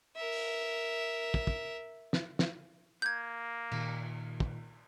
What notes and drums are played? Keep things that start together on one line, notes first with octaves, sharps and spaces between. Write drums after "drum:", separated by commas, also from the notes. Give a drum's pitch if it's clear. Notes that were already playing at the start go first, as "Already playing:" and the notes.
A#4 E5
drum: open hi-hat
drum: kick
drum: kick
drum: snare
drum: snare
A#3 G6 G#6
A#2 D#3, drum: cymbal
drum: kick